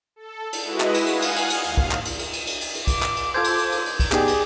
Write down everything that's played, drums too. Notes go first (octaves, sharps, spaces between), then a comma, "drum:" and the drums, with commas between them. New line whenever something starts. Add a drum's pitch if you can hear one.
A4
drum: cymbal
G#3 E4 F#4 B4 D#5
drum: clap
drum: cymbal
F5 F#5 G#5 D#6, drum: cymbal
drum: cymbal
drum: cymbal
drum: cymbal
D#2 F5, drum: cymbal
drum: kick
drum: clap
drum: cymbal
drum: cymbal
drum: cymbal
drum: cymbal
drum: cymbal
drum: cymbal
D6, drum: kick, cymbal
drum: clap
drum: cymbal
F4 A4 C5 G6 G#6
drum: cymbal
drum: cymbal
drum: cymbal
drum: cymbal
drum: kick, cymbal
B3 D#4 G4 G#4 D5, drum: clap
drum: cymbal